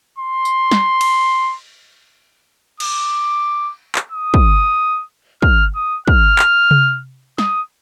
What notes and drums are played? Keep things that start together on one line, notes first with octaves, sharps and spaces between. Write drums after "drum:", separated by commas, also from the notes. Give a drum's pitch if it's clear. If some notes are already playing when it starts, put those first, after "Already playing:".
C6
drum: tambourine
drum: snare
drum: cymbal
D6, drum: cymbal
drum: clap
D#6
drum: kick
F6, drum: kick
D#6
F6, drum: kick
drum: clap
drum: tom C3
D#6, drum: snare